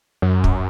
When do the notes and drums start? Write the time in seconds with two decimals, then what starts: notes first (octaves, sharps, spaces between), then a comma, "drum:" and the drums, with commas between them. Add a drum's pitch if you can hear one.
0.22 F#2
0.44 drum: kick